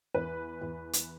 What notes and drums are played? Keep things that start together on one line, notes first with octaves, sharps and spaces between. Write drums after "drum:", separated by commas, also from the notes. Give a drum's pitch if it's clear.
E2 B4
E2
drum: hi-hat